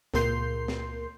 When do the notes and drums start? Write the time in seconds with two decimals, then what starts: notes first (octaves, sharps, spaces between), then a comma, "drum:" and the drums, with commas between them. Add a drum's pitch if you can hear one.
0.14 C#2 A#2 A#4 C6 G6 C7, drum: snare
0.68 drum: snare